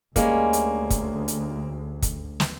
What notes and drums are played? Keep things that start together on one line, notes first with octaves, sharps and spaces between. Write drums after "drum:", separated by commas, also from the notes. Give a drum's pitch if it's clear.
D2 G3 G#3 A#3 C#4, drum: kick, hi-hat
drum: hi-hat
drum: kick, hi-hat
drum: hi-hat
drum: kick, hi-hat
drum: snare